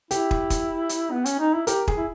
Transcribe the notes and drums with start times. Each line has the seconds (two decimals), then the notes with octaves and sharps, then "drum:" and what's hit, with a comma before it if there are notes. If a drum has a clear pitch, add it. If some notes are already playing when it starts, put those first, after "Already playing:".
0.11 E4 G4, drum: hi-hat
0.31 drum: kick
0.50 drum: kick, hi-hat
0.89 drum: hi-hat
1.12 B3
1.25 C#4, drum: hi-hat
1.39 D#4
1.54 E4
1.67 G4 A#4, drum: hi-hat
1.88 G#4, drum: kick
1.97 E4